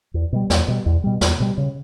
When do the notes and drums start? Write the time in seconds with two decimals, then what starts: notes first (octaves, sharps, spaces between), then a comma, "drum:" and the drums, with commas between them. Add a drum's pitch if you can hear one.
0.14 E2
0.33 B2 G3
0.50 E2, drum: snare
0.68 B2 G3
0.86 E2
1.04 B2 G3
1.21 E2, drum: snare
1.40 B2 G3
1.58 C#3